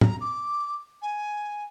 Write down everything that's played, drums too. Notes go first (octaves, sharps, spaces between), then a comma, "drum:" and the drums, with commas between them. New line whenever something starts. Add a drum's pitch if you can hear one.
A#5, drum: tom
D6
G#5